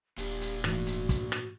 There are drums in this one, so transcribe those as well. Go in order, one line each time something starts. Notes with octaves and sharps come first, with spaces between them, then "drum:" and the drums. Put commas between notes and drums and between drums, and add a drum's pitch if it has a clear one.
D#1 A#2 D4 G4, drum: hi-hat
drum: hi-hat
G#2 E3 A3 F#4, drum: rim click
drum: hi-hat
drum: kick, hi-hat
drum: rim click